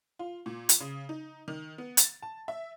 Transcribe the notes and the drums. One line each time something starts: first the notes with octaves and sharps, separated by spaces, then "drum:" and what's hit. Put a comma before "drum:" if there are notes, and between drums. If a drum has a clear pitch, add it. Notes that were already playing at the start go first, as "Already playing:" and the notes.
F4
A#2
drum: hi-hat
C#3
D#4
D#3
B3
A6, drum: hi-hat
A5
E5